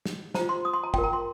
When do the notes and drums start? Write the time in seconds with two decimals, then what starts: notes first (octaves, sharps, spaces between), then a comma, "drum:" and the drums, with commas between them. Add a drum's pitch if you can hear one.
0.05 drum: snare
0.34 F4 C5 A#5, drum: snare
0.49 C6
0.65 D#6
0.74 C6
0.83 A#5
0.94 F4 A#4 G5, drum: kick
1.03 A#5
1.13 C6